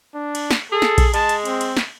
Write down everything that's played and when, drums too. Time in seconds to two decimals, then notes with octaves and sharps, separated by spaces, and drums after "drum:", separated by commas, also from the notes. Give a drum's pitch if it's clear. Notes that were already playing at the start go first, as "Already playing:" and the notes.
0.15 D4
0.35 drum: cymbal
0.51 drum: snare
0.72 G#4 A4
0.82 drum: snare
0.98 drum: kick A#1, cymbal
1.14 G#3 A5, drum: cymbal
1.29 drum: cymbal
1.45 C4, drum: cymbal
1.61 drum: cymbal
1.77 drum: snare